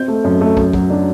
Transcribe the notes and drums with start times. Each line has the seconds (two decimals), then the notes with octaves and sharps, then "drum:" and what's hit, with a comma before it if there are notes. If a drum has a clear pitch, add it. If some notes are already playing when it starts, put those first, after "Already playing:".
Already playing: C4 G6
0.08 A3
0.24 F#2
0.41 A3
0.57 F#2, drum: kick
0.73 F#3, drum: kick
0.90 D4